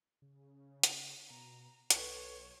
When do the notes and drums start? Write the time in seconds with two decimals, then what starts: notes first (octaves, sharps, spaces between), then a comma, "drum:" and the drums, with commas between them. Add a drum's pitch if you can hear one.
0.22 C#3
0.83 drum: hi-hat
1.30 B2 A#5
1.90 B1 A4 B4 C#5, drum: hi-hat